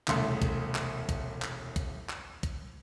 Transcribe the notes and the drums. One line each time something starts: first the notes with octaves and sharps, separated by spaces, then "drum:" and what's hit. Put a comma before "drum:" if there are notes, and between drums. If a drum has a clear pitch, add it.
E1 C2 C#3 A3 C6, drum: clap
drum: kick B1, hi-hat
drum: clap
drum: kick B1, hi-hat
drum: clap
drum: kick B1, hi-hat
drum: clap
drum: kick B1, hi-hat